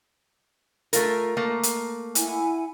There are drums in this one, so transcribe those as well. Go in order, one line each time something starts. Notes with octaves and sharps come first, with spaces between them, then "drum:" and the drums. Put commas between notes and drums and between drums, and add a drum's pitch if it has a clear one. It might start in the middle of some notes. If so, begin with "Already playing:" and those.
A3 F4 A#4, drum: hi-hat
A3 A#3
drum: hi-hat
E4 F#5 G#5, drum: hi-hat